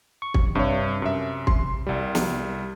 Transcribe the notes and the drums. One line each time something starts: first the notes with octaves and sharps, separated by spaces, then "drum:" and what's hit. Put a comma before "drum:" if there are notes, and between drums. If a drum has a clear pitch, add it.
C#6
drum: kick
G2 C3 C#5
F#2 E5
C6, drum: kick
C2 G3
drum: snare